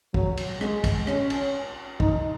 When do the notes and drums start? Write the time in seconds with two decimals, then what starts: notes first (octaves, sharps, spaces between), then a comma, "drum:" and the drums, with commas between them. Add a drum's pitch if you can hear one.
0.14 F#3, drum: kick
0.37 drum: cymbal
0.61 G#3, drum: rim click
0.84 drum: kick, cymbal
1.07 C#4, drum: rim click
1.30 drum: cymbal
2.00 D#4, drum: kick